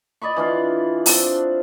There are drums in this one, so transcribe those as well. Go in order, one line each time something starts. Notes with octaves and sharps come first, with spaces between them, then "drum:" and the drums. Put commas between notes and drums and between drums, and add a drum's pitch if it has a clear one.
D5 D#5 B5 C#6
E3 D4 F4
C4 D4, drum: open hi-hat